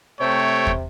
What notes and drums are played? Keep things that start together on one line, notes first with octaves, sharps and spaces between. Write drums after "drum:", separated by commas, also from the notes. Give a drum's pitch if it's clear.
C3 A3 C#5 G5
drum: kick